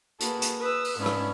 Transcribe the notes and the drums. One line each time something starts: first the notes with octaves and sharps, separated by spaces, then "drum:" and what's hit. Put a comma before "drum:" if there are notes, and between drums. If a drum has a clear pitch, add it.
A#3 F#4 G#4 A4 B4, drum: hi-hat
drum: hi-hat
B4 D#6 E6
drum: open hi-hat
G#2 B3 C#4 D4 E4
drum: rim click